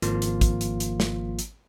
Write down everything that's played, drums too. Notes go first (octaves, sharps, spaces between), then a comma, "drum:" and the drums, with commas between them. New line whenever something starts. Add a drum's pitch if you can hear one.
G#1 F3 A#3 F4, drum: hi-hat
drum: hi-hat
drum: kick A1, hi-hat
drum: hi-hat
drum: hi-hat
drum: snare
drum: hi-hat